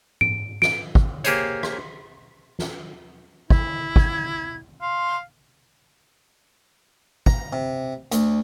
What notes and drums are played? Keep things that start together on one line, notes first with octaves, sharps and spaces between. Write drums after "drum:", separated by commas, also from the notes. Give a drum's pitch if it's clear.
D7, drum: tom G#2
D7, drum: snare
drum: kick
A#3 G4 G#4 C5 C#5, drum: hi-hat
drum: rim click
drum: snare
E4, drum: kick
G#6, drum: kick
F5 C6
A#5, drum: kick
C3
D2, drum: hi-hat